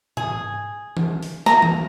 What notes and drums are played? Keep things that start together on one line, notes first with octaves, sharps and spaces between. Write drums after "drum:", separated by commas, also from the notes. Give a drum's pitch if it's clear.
G#4, drum: tom G#2
drum: tom D#3
drum: open hi-hat
A#5, drum: snare A#3
drum: tom D#3